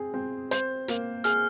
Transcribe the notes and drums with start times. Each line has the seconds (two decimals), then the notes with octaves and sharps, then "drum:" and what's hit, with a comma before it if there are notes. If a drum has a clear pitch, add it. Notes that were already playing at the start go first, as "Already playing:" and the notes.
Already playing: C4 G#4
0.14 C4
0.51 C5, drum: hi-hat
0.88 A#3, drum: hi-hat
1.24 G#4 F6, drum: hi-hat